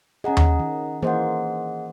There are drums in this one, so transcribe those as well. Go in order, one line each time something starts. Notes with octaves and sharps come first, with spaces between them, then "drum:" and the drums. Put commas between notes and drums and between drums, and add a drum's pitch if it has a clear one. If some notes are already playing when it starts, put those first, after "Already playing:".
C#4 G#4 D#5 F#5 A#5
drum: tom D#2
D#3
E3 A#3 G#4 C5 D#5 F#5